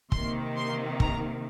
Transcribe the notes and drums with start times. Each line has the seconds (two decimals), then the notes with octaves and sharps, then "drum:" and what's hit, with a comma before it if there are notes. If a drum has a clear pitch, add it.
0.12 C3 D#3 A#3 C6, drum: kick
0.56 C6
1.00 A#5, drum: kick